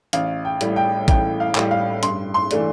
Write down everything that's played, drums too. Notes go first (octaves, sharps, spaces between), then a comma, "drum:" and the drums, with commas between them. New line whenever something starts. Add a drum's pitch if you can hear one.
A1 F5, drum: hi-hat
G5
A2 G3, drum: hi-hat
G5
A1 G5, drum: kick A1, hi-hat
F5
A2 G3, drum: clap
F5
G2 C6, drum: hi-hat
C6
E3 A3 D4, drum: hi-hat